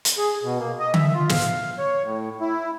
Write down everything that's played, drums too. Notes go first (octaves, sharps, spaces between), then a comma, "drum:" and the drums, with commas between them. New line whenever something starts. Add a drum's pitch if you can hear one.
drum: hi-hat
G#4
B2
A#3
D#5
E5, drum: tom D3
F4
F5, drum: snare
C#5
A2
E4